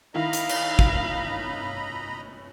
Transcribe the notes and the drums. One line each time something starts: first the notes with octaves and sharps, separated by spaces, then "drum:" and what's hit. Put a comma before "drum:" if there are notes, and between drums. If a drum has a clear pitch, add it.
D#3 E4 D#5 F5 A#5 B5
drum: hi-hat
drum: cymbal
drum: kick